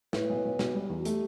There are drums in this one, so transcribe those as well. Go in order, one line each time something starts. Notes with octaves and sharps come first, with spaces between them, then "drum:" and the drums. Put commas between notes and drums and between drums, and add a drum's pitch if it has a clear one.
A2 B4, drum: snare
B1
B1
B2, drum: snare
G3
E2
F#4
A3 G4, drum: hi-hat